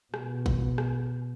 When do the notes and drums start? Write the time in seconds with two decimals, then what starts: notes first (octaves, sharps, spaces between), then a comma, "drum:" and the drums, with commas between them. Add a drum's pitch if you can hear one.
0.14 B2, drum: rim click
0.46 drum: kick G#1
0.78 drum: rim click